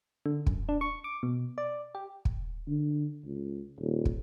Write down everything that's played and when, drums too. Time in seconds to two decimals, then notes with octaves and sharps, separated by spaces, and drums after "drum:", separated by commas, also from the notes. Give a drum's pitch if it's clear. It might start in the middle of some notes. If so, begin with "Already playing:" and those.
0.26 D3
0.46 F#2, drum: kick
0.69 D4
0.81 C#6
1.04 D6
1.23 B2
1.58 D5
1.95 G4
2.25 drum: kick
2.68 D3
3.25 C#2
3.80 D#1
4.05 drum: kick